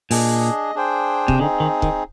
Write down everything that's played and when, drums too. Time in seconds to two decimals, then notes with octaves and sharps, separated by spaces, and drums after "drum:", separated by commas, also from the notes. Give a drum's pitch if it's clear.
0.11 A#2 D4 G#4 D#5, drum: open hi-hat
0.75 D4 G#4 C5 G5
1.28 C3, drum: kick C#1
1.39 D3 C4 D#4 G#4
1.60 D#3
1.82 D#3, drum: kick C#1